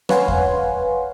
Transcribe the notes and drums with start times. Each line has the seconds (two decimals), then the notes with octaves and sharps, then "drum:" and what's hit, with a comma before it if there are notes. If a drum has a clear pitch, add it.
0.09 B4 C#5 F5 F#5 G#5 C6, drum: rim click
0.28 drum: kick E2